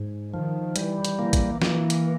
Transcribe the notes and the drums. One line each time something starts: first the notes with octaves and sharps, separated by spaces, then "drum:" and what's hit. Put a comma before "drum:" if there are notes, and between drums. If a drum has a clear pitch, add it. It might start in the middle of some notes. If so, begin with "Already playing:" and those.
Already playing: G#2
D#3 F3
E3 G3, drum: hi-hat
drum: hi-hat
E3 A#3
drum: kick A1, hi-hat
E3 A#3, drum: snare
drum: hi-hat